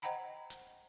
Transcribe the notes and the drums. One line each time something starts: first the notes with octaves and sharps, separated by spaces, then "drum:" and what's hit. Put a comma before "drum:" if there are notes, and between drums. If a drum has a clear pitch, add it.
C5 D#5 F#5 G5 A#5 B5
drum: hi-hat